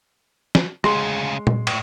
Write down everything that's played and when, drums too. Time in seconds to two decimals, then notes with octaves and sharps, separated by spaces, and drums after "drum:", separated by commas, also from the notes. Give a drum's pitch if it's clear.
0.55 drum: snare
0.84 D2 C#3 G#3 C6, drum: rim click
1.47 drum: tom A#2
1.67 A2, drum: cymbal